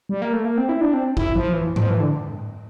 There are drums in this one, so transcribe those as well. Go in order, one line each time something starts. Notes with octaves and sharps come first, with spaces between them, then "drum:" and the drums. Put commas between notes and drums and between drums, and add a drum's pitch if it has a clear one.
G3
A#3
A3
A#3
C4
E4
D4
C4
E4, drum: kick
F3
E3
F3, drum: tom G#2
E3
D3